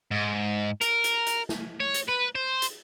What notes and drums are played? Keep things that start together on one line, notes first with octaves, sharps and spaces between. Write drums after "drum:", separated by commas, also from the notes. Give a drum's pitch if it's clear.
G#2
A#4, drum: hi-hat
drum: hi-hat
drum: hi-hat
drum: snare
C#5
drum: hi-hat
B4
C5
drum: hi-hat